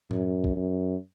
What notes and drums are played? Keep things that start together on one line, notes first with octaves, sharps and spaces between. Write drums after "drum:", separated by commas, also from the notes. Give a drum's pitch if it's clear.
F#2, drum: tom A2
drum: kick
F#2